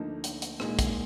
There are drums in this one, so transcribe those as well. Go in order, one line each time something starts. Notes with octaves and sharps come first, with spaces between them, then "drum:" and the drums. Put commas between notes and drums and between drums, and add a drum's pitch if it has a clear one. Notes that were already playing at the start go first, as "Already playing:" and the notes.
Already playing: D2 D3 F3 A#3 D#4
drum: hi-hat
drum: hi-hat
A#2 G#3 D#4, drum: rim click
drum: kick, hi-hat